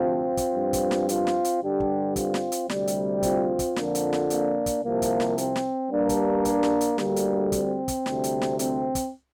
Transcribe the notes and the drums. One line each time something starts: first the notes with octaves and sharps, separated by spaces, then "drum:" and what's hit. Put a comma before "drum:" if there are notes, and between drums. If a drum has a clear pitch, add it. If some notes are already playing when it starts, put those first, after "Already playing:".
Already playing: D2 C3 F3 C4 F4
drum: kick, hi-hat
G2 F3
drum: kick, hi-hat
drum: snare
C4 F4, drum: hi-hat
drum: snare
drum: hi-hat
G2 D3 G3 D4 G4
drum: kick
C4 F4, drum: kick, hi-hat
drum: snare
drum: hi-hat
D2 C3 G3, drum: snare
drum: hi-hat
C4 F4, drum: kick, hi-hat
drum: kick, hi-hat
F2 D3 F3 A#3 D4, drum: snare
drum: hi-hat
drum: snare
A#3 D4, drum: hi-hat
drum: kick, hi-hat
C2 C3 F3 A#3
drum: kick, hi-hat
drum: snare
C4, drum: hi-hat
drum: snare
G2 G3 A#3 D4
drum: kick, hi-hat
drum: kick, hi-hat
drum: snare
drum: hi-hat
D2 D3 G3 A#3, drum: snare
drum: hi-hat
C4, drum: kick, hi-hat
drum: kick, hi-hat
D2 C3 G3, drum: snare
drum: hi-hat
drum: snare
C4, drum: hi-hat
drum: kick, hi-hat